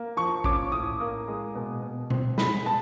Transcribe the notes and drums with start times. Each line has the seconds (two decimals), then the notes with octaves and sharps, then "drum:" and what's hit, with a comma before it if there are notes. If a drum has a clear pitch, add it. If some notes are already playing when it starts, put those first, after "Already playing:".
Already playing: A#3
0.17 F3 C#6
0.44 C#4 D6, drum: kick
0.72 A2 D#6
1.00 A#3
1.28 G#3
1.55 B2
1.82 B2
2.10 C4, drum: tom B2
2.38 G#3 B5, drum: snare
2.66 B2 A5